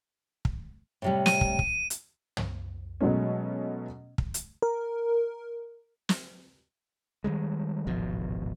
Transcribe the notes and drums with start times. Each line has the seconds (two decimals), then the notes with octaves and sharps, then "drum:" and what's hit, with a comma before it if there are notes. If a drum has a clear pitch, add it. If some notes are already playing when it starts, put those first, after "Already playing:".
0.45 drum: kick
1.02 A2 C3 G3
1.26 D#7, drum: snare
1.41 drum: kick
1.59 drum: kick
1.90 drum: hi-hat
2.37 drum: tom
3.01 B2 F#3 G#3 A3 C#4
4.18 drum: kick
4.34 drum: hi-hat
4.62 A#4
6.09 drum: snare
7.24 D#3 E3 G3 G#3
7.87 D1 G#1 B2 F3